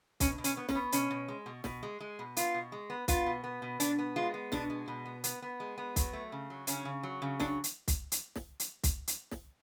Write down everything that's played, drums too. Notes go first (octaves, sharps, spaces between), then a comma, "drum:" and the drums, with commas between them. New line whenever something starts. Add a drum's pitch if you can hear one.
B2 C#4, drum: kick, hi-hat
B2
C#4, drum: hi-hat
B3
C#4, drum: snare
B3
B2 C#4, drum: hi-hat
B2
G#3
B2
B2, drum: snare
G#3
G#3
B2
B3 F4, drum: hi-hat
B2
G#3
B3
B3 F4, drum: kick, hi-hat
B2
B3
B2
B2 D4, drum: hi-hat
B3
G#3 F4
B3
B2 D4, drum: snare
G#3
B2
B3
B3, drum: hi-hat
B3
G#3
B3
F#3, drum: kick, hi-hat
A3
C#3
F#3
C#3 C#4, drum: hi-hat
C#3
F#3
C#3
F#3 D4, drum: snare
drum: hi-hat
drum: kick, hi-hat
drum: hi-hat
drum: snare
drum: hi-hat
drum: kick, hi-hat
drum: hi-hat
drum: snare